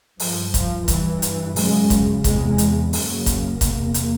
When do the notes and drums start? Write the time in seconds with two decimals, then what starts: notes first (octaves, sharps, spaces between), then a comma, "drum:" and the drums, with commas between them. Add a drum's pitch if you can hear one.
0.20 G2 F3, drum: open hi-hat
0.54 F3, drum: kick, hi-hat
0.88 G2 E3, drum: kick, hi-hat
1.22 drum: hi-hat
1.56 F#2 C#3 G#3, drum: open hi-hat
1.90 drum: kick, hi-hat
2.24 E2 C3 G#3, drum: kick, hi-hat
2.58 drum: hi-hat
2.93 F#2 C#3 A#3, drum: open hi-hat
3.26 drum: kick, hi-hat
3.61 E2 C3, drum: kick, hi-hat
3.94 drum: hi-hat